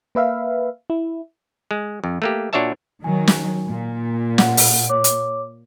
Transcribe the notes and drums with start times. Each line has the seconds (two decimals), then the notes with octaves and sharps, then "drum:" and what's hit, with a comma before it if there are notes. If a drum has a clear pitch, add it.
0.15 A#3 B4 E5 F5
0.90 E4
1.71 G#3
2.04 F2
2.22 A3 A#3 G4
2.53 A#2 D4 F#4 C#5 E5 A5
3.04 D#3 F#3 G#5
3.27 drum: snare
3.67 A#2
4.38 F#5, drum: snare
4.57 drum: open hi-hat
4.89 C#5 D6
5.04 drum: hi-hat